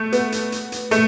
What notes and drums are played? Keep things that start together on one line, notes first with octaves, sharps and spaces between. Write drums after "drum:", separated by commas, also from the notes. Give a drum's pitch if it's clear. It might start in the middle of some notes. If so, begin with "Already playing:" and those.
Already playing: A3
B3, drum: hi-hat
drum: hi-hat
drum: hi-hat
drum: hi-hat
A3, drum: hi-hat